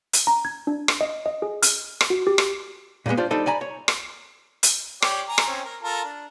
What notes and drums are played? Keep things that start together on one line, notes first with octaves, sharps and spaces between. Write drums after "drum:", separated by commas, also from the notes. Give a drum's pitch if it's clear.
drum: hi-hat
A#5
G#6
D4
drum: rim click
D#5
D#5
G#4
F6, drum: hi-hat
drum: rim click
F#4
G4
drum: rim click
A#2 D3 F#3 G#3 B3
D4 F4 C5 D5
G3 D4 D#4 A4 C5
D5 G#5 A#5 B5
C#5
drum: rim click
drum: hi-hat
G4 C#5 D5, drum: rim click
G#5 A#5
drum: rim click
C4 C#4
A#4
F4 A4 A#4
D4